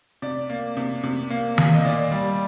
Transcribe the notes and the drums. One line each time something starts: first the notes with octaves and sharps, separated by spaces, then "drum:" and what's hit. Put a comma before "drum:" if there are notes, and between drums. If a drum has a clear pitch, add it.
C3 D5
A#3
C3
C3
A#3
A#3, drum: tom D#3
D#5
A#2 D5
G3